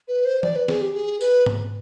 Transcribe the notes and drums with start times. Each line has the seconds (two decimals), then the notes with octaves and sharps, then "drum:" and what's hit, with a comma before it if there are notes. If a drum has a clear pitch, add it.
0.08 B4
0.25 C5
0.43 D5, drum: tom E3
0.56 B4
0.68 G#4, drum: snare
0.81 G4
0.94 G#4
1.21 B4, drum: tambourine
1.46 drum: tom G#2